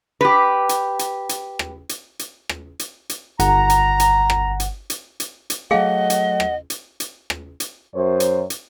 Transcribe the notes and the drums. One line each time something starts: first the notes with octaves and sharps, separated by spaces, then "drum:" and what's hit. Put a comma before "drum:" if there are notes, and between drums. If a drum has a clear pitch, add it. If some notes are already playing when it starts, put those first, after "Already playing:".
G4 B4
drum: hi-hat
drum: hi-hat
drum: hi-hat
drum: rim click
drum: hi-hat
drum: hi-hat
drum: rim click
drum: hi-hat
drum: hi-hat
G1 F#5 A#5, drum: hi-hat
drum: hi-hat
drum: hi-hat
drum: rim click
drum: hi-hat
drum: hi-hat
drum: hi-hat
drum: hi-hat
F#3 A3 G#4 D#5 F5 F#5 G#5
drum: hi-hat
drum: rim click
drum: hi-hat
drum: hi-hat
drum: rim click
drum: hi-hat
F#2 C5 C#5
drum: hi-hat
drum: hi-hat